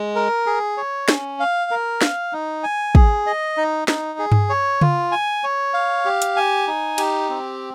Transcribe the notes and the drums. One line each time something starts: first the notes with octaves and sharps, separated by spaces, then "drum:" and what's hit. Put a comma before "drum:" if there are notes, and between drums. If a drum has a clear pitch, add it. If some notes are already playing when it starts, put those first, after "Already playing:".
Already playing: G#3
A#4
G#4
C#5
C#4, drum: snare
F5
A#4
F5, drum: snare
D#4
G#5
G#4, drum: kick
D#5
D#4
D#4, drum: snare
G#4
drum: tom G2
C#5
F4, drum: tom C#3
G#5
C#5
F5
G4
drum: hi-hat
G#5
D#4
G4, drum: cymbal
C4